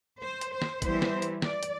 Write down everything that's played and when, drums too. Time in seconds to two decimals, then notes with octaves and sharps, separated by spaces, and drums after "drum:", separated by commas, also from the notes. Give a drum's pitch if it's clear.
0.21 C5
0.41 drum: hi-hat
0.51 C5
0.62 drum: snare
0.82 E3 G3 B3 E4 C5, drum: kick, hi-hat
1.02 drum: snare
1.22 drum: hi-hat
1.42 D5, drum: snare
1.63 drum: hi-hat